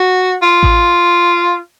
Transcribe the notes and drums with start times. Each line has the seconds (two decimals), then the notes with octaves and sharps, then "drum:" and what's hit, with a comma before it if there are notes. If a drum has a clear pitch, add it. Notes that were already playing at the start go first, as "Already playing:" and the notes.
Already playing: F#4
0.42 F4
0.63 drum: kick A1